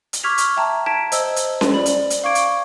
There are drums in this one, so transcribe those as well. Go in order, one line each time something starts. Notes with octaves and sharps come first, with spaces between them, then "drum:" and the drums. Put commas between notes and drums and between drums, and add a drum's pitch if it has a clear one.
drum: hi-hat
C#6 D6 F6 G#6 B6 F7
drum: hi-hat
E5 G5 A5 A#5
A5 G#6 B6 D7 E7
C5 D#5 E6, drum: hi-hat
drum: hi-hat
drum: snare C#4
D5 B5 F#7
drum: hi-hat
drum: hi-hat
F5 C#6 D6 G#6 D7
drum: hi-hat